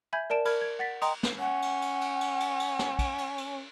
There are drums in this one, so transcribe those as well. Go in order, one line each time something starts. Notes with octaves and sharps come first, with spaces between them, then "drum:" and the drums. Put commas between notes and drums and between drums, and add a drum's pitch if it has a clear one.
E5 G#5 B5 G6 G#6
A#4 D5 A5 D7 E7
A#4 B5 F6 G#6, drum: cymbal
G#6
F#5 A6 B6
D#5 G5 A#5 C6 D#6, drum: cymbal
drum: snare
C#4 F#5
drum: cymbal
drum: cymbal
drum: cymbal
drum: cymbal
drum: cymbal
drum: cymbal
drum: snare
drum: kick, cymbal
drum: cymbal
drum: cymbal